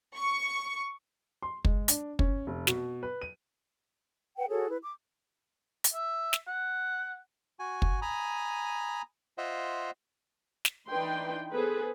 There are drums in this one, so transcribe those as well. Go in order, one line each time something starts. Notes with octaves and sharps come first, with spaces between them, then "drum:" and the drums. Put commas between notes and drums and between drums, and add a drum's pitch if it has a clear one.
C#6
C6
G#3, drum: kick
D4, drum: hi-hat
C#4, drum: kick
F1
B2, drum: snare
B4
D#7
B4 F#5 G5
F#4 G#4 A4 C#5
E4 B4
D6
drum: hi-hat
E5
drum: snare
F#5
F#4 G#5
drum: kick
G#5 A#5 B5 D#6
F4 C5 D#5 E5 F#5
drum: snare
E3 D4 D#4 B4 G5 C6
B3 G#4 A4 B4 C5